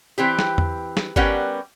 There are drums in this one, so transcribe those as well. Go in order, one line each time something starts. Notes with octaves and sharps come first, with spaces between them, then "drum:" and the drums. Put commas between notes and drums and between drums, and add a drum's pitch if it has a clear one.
E3 C4 G4
drum: snare
drum: tom E2
drum: snare
G3 B3 C#4 G4 A#4 F#5, drum: kick G1